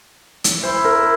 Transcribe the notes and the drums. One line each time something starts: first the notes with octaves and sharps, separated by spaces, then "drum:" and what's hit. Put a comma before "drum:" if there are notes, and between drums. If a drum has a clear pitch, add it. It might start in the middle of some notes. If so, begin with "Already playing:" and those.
drum: hi-hat
E4 C5
A#4